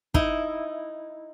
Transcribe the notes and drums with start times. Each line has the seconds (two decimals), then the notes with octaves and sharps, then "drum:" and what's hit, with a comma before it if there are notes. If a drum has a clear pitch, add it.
0.14 D#4 E4, drum: kick